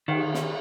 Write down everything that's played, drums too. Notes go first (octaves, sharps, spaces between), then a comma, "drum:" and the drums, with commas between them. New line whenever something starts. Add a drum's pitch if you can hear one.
D#3, drum: cymbal
drum: snare